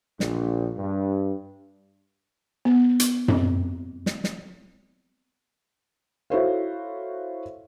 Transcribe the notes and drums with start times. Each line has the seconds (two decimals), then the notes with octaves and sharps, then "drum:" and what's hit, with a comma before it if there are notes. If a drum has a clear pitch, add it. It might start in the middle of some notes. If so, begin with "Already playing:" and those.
0.20 A#1, drum: snare
0.77 G2
2.65 B3
3.00 drum: hi-hat
3.28 C4, drum: tom F#2
4.06 drum: snare
4.24 drum: snare
6.30 E4 F#4 A4 C5 C#5 F5